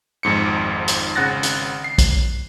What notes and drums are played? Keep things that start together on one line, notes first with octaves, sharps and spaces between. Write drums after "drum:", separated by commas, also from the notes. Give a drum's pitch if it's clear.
G#1 F2 G#2 C#7
drum: hi-hat
G#1 C#3 F#5 F#6 A6 A#6
drum: hi-hat
C7
drum: kick, hi-hat